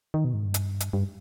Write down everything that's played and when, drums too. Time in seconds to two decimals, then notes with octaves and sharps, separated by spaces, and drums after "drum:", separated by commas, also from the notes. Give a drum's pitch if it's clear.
0.14 D#3
0.25 B2
0.34 G#2
0.45 G2
0.54 drum: hi-hat
0.80 drum: hi-hat
0.93 G2